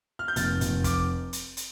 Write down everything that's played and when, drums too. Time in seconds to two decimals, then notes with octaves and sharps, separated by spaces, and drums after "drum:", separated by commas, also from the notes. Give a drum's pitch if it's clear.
0.19 F6
0.28 G6
0.36 F1 F6 A6, drum: hi-hat
0.61 F1, drum: hi-hat
0.84 D6 F6, drum: kick, hi-hat
1.33 drum: hi-hat
1.57 drum: hi-hat